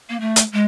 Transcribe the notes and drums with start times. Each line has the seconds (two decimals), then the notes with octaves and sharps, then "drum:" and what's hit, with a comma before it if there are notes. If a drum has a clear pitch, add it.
0.09 A#3
0.20 A3
0.36 drum: hi-hat
0.52 G#3